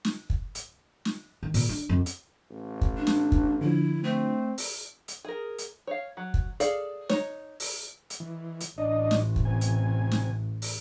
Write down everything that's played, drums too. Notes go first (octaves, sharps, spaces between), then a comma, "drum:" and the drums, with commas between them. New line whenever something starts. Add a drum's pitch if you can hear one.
drum: snare
drum: kick
drum: hi-hat
drum: snare
D#3
A#2, drum: open hi-hat
D4
F2
drum: hi-hat
A1
drum: kick
D4
drum: snare
drum: kick
D3 F3 E4
A3 C4
drum: open hi-hat
drum: hi-hat
G#4 A#4
drum: hi-hat
C#5 F5
F#3
drum: kick
G#4 A4 D5 F5, drum: hi-hat
D#4 C#5, drum: snare
drum: open hi-hat
drum: hi-hat
E3
drum: hi-hat
A1 D4 D#5
drum: snare
drum: kick
C3 G#5
drum: hi-hat
drum: snare
drum: open hi-hat